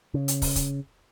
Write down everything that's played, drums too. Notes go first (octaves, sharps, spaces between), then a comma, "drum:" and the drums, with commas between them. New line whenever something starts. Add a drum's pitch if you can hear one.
C#3
drum: hi-hat
drum: kick, open hi-hat
drum: kick, hi-hat